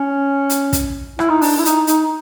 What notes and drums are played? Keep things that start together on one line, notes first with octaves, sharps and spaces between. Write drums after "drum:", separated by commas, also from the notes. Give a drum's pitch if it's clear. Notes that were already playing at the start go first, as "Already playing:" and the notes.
Already playing: C#4
drum: hi-hat
drum: kick, hi-hat
E4, drum: rim click
D#4
D4, drum: open hi-hat
E4
D#4, drum: hi-hat
D#4, drum: hi-hat